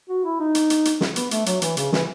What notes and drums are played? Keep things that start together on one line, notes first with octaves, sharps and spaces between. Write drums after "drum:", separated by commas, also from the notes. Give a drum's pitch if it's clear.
F#4
E4
D#4
drum: hi-hat
drum: hi-hat
drum: hi-hat
drum: snare
B3, drum: hi-hat
A3, drum: hi-hat
F#3, drum: hi-hat
E3, drum: hi-hat
C#3, drum: hi-hat
E3, drum: snare